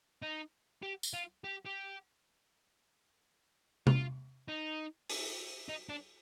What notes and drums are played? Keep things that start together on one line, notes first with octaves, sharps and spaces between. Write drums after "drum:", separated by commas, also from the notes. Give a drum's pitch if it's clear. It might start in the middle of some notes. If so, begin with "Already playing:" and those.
D#4
G4
drum: tambourine
F4
G4
G4
F4, drum: tom C3
D#4
drum: open hi-hat
D#4
D4